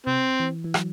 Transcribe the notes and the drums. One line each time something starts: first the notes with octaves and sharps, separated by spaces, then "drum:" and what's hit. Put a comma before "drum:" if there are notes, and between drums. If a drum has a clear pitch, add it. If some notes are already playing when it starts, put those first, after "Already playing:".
C3 C4
E3
E3
F#3, drum: rim click